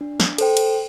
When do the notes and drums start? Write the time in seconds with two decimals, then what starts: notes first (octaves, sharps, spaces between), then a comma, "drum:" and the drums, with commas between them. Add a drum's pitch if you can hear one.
0.01 D4
0.20 drum: snare
0.38 A4 C5 G5, drum: cymbal
0.57 drum: cymbal